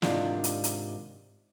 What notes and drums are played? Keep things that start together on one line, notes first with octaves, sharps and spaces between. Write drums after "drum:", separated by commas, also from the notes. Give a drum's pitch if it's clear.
G#2 C3 D#3 D4 E4 F4, drum: snare
drum: hi-hat
drum: hi-hat